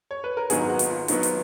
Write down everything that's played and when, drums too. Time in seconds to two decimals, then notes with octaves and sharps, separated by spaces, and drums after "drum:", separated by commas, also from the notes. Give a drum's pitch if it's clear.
0.11 C#5
0.24 B4
0.37 A#4
0.50 G#1 G#2 D#3 F#3 B3 G#4, drum: hi-hat
0.69 F#4
0.79 drum: hi-hat
0.90 F4
1.08 G#1 G#2 D#3 F#3 B3, drum: hi-hat
1.23 drum: hi-hat